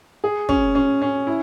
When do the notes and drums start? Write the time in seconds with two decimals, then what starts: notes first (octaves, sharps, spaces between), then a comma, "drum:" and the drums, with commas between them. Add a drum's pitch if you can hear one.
0.24 G#4
0.49 C#4, drum: kick
0.75 C#4
1.02 C#4
1.27 E4